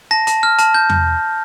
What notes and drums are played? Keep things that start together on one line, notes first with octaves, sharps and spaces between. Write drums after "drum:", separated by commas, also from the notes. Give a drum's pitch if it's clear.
A5 A#6
A5, drum: hi-hat
F6
A5, drum: hi-hat
G6
drum: tom E2